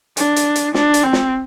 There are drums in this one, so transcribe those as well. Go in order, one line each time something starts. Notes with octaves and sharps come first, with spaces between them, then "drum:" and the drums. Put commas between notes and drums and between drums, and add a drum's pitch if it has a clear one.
D4, drum: hi-hat
drum: hi-hat
drum: hi-hat
D4, drum: snare
drum: hi-hat
C4
drum: snare